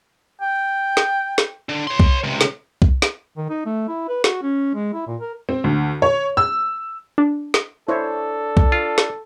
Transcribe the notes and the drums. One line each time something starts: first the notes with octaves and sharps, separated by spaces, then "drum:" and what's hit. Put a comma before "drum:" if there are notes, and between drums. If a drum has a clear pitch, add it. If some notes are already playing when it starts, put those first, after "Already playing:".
G5
drum: snare
drum: snare
D3
C#5 C6
drum: kick C2
C#2 C3
drum: snare
drum: kick C2
drum: snare
D#3
D#4
A3
E4
B4
F#4, drum: snare
C#4
G#3
E4
A#2
A#4
C4
D2
C#5
E6
D4
drum: snare
D4 E4 A4 C5 C#5
drum: kick C2
F4
drum: snare